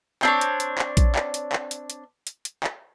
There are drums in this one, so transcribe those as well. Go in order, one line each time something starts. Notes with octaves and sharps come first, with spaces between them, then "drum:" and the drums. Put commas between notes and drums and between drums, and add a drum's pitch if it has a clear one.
C4 D4 C#5, drum: clap
drum: hi-hat
drum: hi-hat
drum: clap
drum: kick A#1, hi-hat
drum: clap
drum: hi-hat
drum: clap
drum: hi-hat
drum: hi-hat
drum: hi-hat
drum: hi-hat
drum: clap